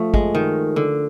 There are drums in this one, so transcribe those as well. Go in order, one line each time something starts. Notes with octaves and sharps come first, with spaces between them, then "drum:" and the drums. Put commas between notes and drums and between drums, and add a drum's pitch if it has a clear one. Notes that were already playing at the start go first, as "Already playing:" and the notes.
Already playing: F3 A3
G#3, drum: kick
D#3
D3